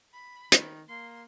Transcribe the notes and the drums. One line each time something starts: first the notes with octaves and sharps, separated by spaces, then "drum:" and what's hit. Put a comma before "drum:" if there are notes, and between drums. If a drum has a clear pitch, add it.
B5
D#3, drum: hi-hat
A#3 C6